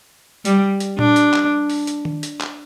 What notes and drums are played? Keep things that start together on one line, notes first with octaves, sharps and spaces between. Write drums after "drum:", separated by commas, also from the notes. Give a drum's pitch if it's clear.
G3, drum: hi-hat
drum: hi-hat
D4, drum: tom A#2
drum: hi-hat
drum: clap
drum: open hi-hat
drum: hi-hat
drum: tom D#3
drum: hi-hat
drum: clap